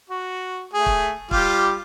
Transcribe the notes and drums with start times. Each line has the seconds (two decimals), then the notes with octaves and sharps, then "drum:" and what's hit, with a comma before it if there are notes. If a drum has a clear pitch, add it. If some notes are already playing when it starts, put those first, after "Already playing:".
0.09 F#4
0.73 A3 G#4
0.86 drum: kick
1.31 G3 F4 G4, drum: kick